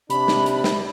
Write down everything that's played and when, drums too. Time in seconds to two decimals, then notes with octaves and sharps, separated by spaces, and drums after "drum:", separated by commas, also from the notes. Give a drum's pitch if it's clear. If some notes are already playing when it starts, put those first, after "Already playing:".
0.10 C3 D4 B5, drum: hi-hat
0.28 drum: snare
0.46 drum: hi-hat
0.64 drum: snare